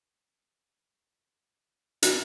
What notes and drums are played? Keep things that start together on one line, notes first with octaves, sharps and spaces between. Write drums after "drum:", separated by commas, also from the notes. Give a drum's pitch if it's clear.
C#4
C#4
drum: hi-hat